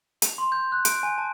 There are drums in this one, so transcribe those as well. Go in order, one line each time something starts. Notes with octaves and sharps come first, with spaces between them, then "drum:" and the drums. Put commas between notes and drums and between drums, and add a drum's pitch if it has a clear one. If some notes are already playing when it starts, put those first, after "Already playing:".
F7, drum: hi-hat
C6
G6
F#6
D7, drum: hi-hat
G#5
A5